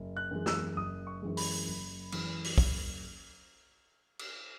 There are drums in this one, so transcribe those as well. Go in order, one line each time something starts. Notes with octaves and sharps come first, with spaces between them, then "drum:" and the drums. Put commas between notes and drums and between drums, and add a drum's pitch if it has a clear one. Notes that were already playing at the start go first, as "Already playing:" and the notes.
Already playing: F#1
F#6
F#2 E3 G#3
E6, drum: snare
F#1 D#6
C#6
F#2 E3 G#3
B5, drum: open hi-hat
F#1
F#2 E3 G#3, drum: cymbal
drum: open hi-hat
F#1, drum: kick
drum: cymbal